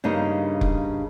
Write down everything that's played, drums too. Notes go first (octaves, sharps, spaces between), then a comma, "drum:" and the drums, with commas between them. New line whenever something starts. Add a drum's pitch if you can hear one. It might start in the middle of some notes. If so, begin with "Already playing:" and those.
G2 C#3 A#3 D#4
drum: kick F1